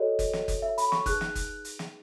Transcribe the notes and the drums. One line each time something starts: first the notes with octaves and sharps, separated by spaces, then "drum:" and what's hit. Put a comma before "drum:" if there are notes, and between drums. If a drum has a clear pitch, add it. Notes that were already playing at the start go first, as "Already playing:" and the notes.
Already playing: F#4 A4 C#5 D#5
drum: kick F#1, hi-hat
drum: snare
drum: kick F#1, hi-hat
E5
B5, drum: hi-hat
C#6, drum: snare
D#4 G#4 B4 F#6, drum: kick F#1, hi-hat
drum: snare
drum: kick F#1, hi-hat
drum: hi-hat
drum: snare